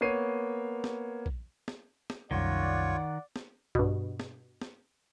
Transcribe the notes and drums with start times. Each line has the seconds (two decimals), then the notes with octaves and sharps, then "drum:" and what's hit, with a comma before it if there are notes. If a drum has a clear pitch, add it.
0.01 A#3 B3 C#5 C7 D#7
0.84 drum: snare
1.26 drum: kick A#1
1.68 drum: snare
2.10 drum: snare
2.31 C2 F#2 D#3 F4 C#5 D5 F#5 C#6
3.36 drum: snare
3.75 G2 B2, drum: kick A#1
4.20 drum: snare
4.61 drum: snare